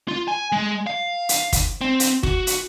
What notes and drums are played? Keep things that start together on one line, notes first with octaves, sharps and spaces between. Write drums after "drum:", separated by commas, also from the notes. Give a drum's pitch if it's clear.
F4
G#5
G#3
F5
drum: hi-hat
drum: kick, hi-hat
C4
drum: hi-hat
F#4, drum: kick
drum: hi-hat